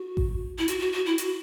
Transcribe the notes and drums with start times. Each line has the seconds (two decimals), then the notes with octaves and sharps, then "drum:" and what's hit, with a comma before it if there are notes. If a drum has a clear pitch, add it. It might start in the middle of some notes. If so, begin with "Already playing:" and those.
Already playing: F#4
0.17 drum: kick A1
0.58 E4
0.68 F#4, drum: hi-hat
0.80 F#4
0.93 F#4
1.06 E4
1.18 F#4, drum: hi-hat